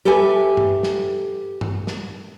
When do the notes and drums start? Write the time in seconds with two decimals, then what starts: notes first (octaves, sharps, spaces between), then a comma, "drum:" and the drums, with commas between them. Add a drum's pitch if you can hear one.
0.05 G4 A4 B4 E5 G#5
0.57 drum: tom G2
0.83 drum: snare
1.61 drum: tom G2
1.87 drum: snare